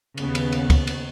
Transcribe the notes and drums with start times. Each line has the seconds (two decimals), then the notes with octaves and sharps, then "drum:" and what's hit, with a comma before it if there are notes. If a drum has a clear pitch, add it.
0.18 D#2 C#3 B3, drum: cymbal
0.35 drum: cymbal
0.52 drum: cymbal
0.70 drum: kick C#2, cymbal
0.87 drum: cymbal